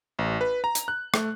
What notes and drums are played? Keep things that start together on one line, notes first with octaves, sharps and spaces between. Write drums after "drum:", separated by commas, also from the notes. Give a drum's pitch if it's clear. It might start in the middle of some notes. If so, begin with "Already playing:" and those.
A1
B4
A#5
drum: hi-hat
F#6
A3, drum: rim click